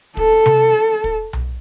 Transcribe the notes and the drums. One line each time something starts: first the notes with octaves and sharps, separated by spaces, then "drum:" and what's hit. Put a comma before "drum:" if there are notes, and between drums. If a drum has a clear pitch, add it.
A4, drum: kick
drum: tom C3
drum: kick
drum: tom B1